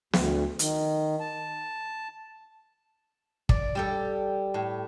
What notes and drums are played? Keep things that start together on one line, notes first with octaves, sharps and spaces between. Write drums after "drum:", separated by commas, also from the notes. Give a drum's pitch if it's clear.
D2, drum: snare
D#3, drum: hi-hat
A5
D5, drum: kick
G3 G4 A4
A2